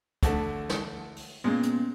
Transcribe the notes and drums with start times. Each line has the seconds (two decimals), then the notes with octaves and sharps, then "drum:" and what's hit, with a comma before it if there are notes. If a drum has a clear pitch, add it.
0.23 D2 D3 A3, drum: kick, hi-hat
0.69 drum: snare
1.16 drum: open hi-hat
1.44 A#2 G#3 B3 C#4
1.63 drum: hi-hat